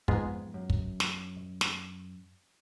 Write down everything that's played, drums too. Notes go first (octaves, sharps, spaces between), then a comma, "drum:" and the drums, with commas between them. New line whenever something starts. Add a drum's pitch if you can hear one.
F2 G#2 G#3 B3 F4 G#4, drum: kick
F#2
drum: kick
drum: snare
drum: snare